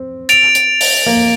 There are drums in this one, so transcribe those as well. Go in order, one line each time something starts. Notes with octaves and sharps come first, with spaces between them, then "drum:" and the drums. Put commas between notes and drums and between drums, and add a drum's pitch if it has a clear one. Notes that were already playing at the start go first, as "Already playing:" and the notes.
Already playing: C4
A6 D7 F7, drum: hi-hat
drum: hi-hat
drum: open hi-hat
A#3